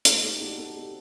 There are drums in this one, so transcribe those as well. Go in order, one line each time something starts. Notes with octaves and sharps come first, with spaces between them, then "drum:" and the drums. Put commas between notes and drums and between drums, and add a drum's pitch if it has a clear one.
A3 D#4 G4, drum: hi-hat
A3 D#4 G4
D4 D#4 F#4
C4 F#4 A4
G4